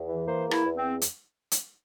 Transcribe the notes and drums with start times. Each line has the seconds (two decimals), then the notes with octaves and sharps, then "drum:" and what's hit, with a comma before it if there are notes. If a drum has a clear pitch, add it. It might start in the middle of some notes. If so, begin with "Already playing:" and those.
Already playing: E2
0.08 E3
0.27 A#3 C5
0.45 E2
0.51 E4, drum: rim click
0.64 E2
0.76 C4
1.02 drum: hi-hat
1.51 drum: hi-hat